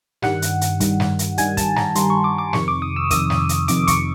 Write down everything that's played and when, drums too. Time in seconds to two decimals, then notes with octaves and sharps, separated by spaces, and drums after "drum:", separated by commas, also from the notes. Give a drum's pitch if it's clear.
0.22 G2 D#3 G3 F#5, drum: snare
0.42 drum: hi-hat
0.61 drum: hi-hat
0.80 G2 D#3 G3, drum: kick, hi-hat
1.00 drum: snare
1.19 drum: hi-hat
1.38 G2 D#3 G3 G#5, drum: hi-hat
1.57 A5, drum: kick, hi-hat
1.76 A#5, drum: snare
1.95 G2 D#3 G3 C6, drum: hi-hat
2.10 C#6
2.24 D6
2.38 D6
2.53 F2 C3 D#3 C#6, drum: snare
2.68 D6
2.82 D#6
2.96 E6
3.10 F2 C3 D#3 D#6, drum: kick, hi-hat
3.30 drum: snare
3.49 drum: hi-hat
3.68 F2 C3 D#3 D6, drum: hi-hat
3.87 C#6, drum: kick, hi-hat